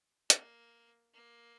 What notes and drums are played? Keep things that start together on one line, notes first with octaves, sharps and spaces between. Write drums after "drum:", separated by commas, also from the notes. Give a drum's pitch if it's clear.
A#3, drum: hi-hat
A#3